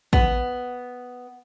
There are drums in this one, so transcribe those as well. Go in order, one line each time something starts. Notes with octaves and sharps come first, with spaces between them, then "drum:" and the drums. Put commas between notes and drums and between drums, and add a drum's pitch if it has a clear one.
B3, drum: kick